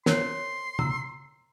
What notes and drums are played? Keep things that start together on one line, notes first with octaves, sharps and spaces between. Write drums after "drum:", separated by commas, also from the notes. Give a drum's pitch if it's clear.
A#4 C5 C#5 C6, drum: snare
A#5 E6, drum: tom